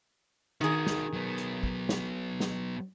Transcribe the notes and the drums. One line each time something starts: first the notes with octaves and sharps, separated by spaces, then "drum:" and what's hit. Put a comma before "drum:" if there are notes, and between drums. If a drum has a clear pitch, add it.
D#3 D#4 F#4 G#4
drum: snare
F#3 B3
drum: hi-hat
drum: kick
drum: snare
drum: snare